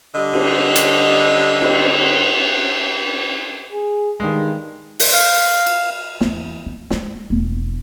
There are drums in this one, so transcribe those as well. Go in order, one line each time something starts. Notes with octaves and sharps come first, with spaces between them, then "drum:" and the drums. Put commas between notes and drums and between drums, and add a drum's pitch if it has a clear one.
D3 G3 D#5
drum: cymbal
drum: hi-hat
drum: cymbal
G#4
G2 D#3 G#3
drum: open hi-hat
F5
drum: cymbal
E2 E3, drum: snare
A#3
G#3 A#3, drum: snare
E1 F2